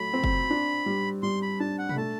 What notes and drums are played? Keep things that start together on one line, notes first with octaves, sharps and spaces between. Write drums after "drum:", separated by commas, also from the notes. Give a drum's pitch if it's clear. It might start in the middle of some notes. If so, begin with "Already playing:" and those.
Already playing: F#3 A3 B5
C4
drum: kick
D4
G3
G3 C6
B5
D4 A5
F#5
B5, drum: tom B2
A3 A5